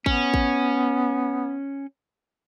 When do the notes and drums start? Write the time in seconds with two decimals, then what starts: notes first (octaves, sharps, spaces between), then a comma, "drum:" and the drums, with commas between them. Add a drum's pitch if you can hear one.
0.06 B3 C#4, drum: kick A1
0.34 drum: kick A1